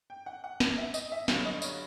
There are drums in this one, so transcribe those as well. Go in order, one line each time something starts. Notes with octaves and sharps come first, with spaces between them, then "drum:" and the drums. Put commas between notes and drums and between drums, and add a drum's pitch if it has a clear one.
G5
F#5
F#5
drum: snare
E5
D#5, drum: tambourine
E5
G2 D3 F#3 F5, drum: snare
D#5
C#5, drum: tambourine